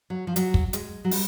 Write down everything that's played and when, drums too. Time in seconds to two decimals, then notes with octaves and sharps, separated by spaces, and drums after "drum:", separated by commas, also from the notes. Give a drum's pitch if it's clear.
0.10 F#3
0.27 F3
0.36 F#3, drum: hi-hat
0.54 drum: kick
0.73 G#3, drum: hi-hat
1.04 F#3
1.11 G3, drum: open hi-hat